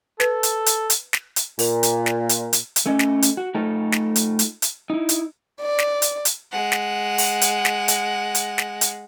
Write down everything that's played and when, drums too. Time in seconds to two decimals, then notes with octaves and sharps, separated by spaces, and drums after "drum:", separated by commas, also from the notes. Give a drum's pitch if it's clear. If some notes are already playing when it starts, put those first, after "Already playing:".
0.20 A4 B4, drum: snare
0.43 drum: hi-hat
0.66 drum: hi-hat
0.90 drum: hi-hat
1.13 drum: snare
1.36 drum: hi-hat
1.59 A#2, drum: open hi-hat
1.83 drum: hi-hat
2.06 drum: snare
2.29 drum: hi-hat
2.53 drum: hi-hat
2.76 drum: hi-hat
2.86 A3 C#4 D#5
2.99 drum: snare
3.22 drum: hi-hat
3.37 F#4
3.55 A3 D#4 F4 A4
3.92 drum: snare
4.16 drum: hi-hat
4.39 drum: hi-hat
4.62 drum: hi-hat
4.90 D#4 E4
5.09 drum: hi-hat
5.61 D5
5.78 drum: snare
6.02 drum: hi-hat
6.25 drum: hi-hat
6.52 G#3 F#5
6.72 drum: snare
7.18 drum: open hi-hat
7.41 drum: hi-hat
7.65 drum: snare
7.88 drum: hi-hat
8.35 drum: hi-hat
8.58 drum: snare
8.81 drum: hi-hat